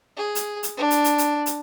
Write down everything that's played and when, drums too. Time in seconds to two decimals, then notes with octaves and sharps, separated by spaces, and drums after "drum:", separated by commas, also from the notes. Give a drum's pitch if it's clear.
0.17 G#4
0.35 drum: hi-hat
0.63 drum: hi-hat
0.77 D4
0.90 drum: hi-hat
1.04 drum: hi-hat
1.18 drum: hi-hat
1.46 drum: hi-hat